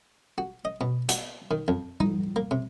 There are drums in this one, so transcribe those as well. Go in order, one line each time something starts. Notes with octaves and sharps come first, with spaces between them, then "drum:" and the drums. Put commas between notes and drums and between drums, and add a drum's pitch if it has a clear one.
F#4
D#5
B2
F#4, drum: hi-hat
D#3
F2
D#4, drum: tom G3
A#3
C3